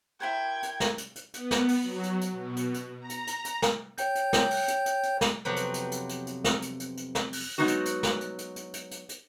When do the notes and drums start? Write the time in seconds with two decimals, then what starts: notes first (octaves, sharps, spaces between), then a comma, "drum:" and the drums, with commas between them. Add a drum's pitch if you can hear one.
0.20 E4 A#4 C5 G5 G#6
0.63 drum: hi-hat
0.80 drum: snare
0.98 drum: hi-hat
1.16 drum: hi-hat
1.34 B3, drum: hi-hat
1.51 drum: snare
1.68 drum: open hi-hat
1.81 F#3
2.04 drum: hi-hat
2.21 drum: hi-hat
2.31 B2
2.57 drum: hi-hat
2.74 drum: hi-hat
3.00 A#5
3.09 drum: hi-hat
3.27 drum: hi-hat
3.45 drum: hi-hat
3.62 drum: snare
3.98 C#5 G5 G6, drum: hi-hat
4.15 drum: hi-hat
4.33 drum: snare
4.50 drum: open hi-hat
4.68 drum: hi-hat
4.86 drum: hi-hat
5.03 drum: hi-hat
5.21 drum: snare
5.45 F2 C3 F#3 B3 G4 B4
5.56 drum: hi-hat
5.74 drum: hi-hat
5.92 drum: hi-hat
6.09 drum: hi-hat
6.27 drum: hi-hat
6.44 drum: snare
6.62 drum: hi-hat
6.80 drum: hi-hat
6.97 drum: hi-hat
7.15 drum: snare
7.33 drum: open hi-hat
7.58 F#3 G#3 B3 D#4 F#4
7.68 drum: hi-hat
7.85 drum: hi-hat
8.03 drum: snare
8.21 drum: hi-hat
8.38 drum: hi-hat
8.56 drum: hi-hat
8.74 drum: hi-hat
8.91 drum: hi-hat
9.09 drum: hi-hat